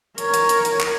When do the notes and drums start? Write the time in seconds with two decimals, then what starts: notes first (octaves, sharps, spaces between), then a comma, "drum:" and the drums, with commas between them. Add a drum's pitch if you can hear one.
0.18 A#4 C#5, drum: hi-hat
0.34 drum: hi-hat
0.49 drum: hi-hat
0.65 drum: hi-hat
0.81 drum: clap